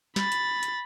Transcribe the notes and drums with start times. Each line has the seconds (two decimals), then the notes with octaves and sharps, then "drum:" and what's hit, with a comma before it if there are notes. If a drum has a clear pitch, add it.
0.16 B5 A6, drum: snare
0.32 drum: hi-hat
0.63 drum: hi-hat